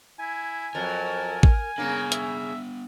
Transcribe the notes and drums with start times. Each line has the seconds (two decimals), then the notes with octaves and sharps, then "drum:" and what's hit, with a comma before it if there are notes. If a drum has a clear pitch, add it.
0.20 E4 G#5
0.75 F2 F#3 A#4 A5
1.43 drum: kick
1.78 C#3 A#3 B3 D4 A#4
2.12 E5, drum: hi-hat